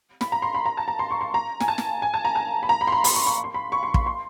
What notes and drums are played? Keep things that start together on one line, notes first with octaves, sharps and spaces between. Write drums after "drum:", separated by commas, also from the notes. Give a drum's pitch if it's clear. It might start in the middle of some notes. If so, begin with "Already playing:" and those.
B5, drum: snare
A#5
C6
B5
A#5
A5
A#5
C6
C#6
C6
A#5
G#5, drum: snare
A5
drum: snare
G#5
A5
A#5
A5
B5
A#5
B5
C6
B5
B5, drum: open hi-hat
C#6
C#6
C6
B5
C#6
C6
B5, drum: kick
C6